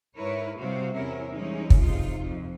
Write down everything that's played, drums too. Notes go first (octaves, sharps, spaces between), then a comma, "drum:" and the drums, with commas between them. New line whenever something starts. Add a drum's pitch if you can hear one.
G#2 E4 A#4 B4 C#5
C3 G3 F#4 C5 F5
E2 C3 C#4 E4 A#4 E5
E3 G3 G#3 C#4 D#4
drum: kick
F2 C3 D#4 F4
F2